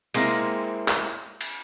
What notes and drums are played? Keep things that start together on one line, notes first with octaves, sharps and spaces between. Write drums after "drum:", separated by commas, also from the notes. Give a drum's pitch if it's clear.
G#3 A#3 C4 E4, drum: cymbal
drum: clap
drum: cymbal